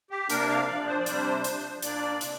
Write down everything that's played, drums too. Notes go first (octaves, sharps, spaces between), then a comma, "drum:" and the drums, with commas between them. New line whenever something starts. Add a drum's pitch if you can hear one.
G4
C3 A#3 D4 A#4, drum: hi-hat
F5
A#2 F3 D4 D5
C5
D5
C3 G3 D4 C5, drum: hi-hat
F3 D4, drum: hi-hat
A#2 A#3 D4 D5, drum: hi-hat
C3 A#3, drum: hi-hat